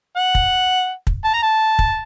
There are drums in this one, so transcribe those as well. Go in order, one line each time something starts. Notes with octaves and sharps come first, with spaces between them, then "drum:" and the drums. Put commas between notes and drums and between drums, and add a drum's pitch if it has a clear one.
F#5
drum: kick
drum: kick
A5
A#5
A5
drum: kick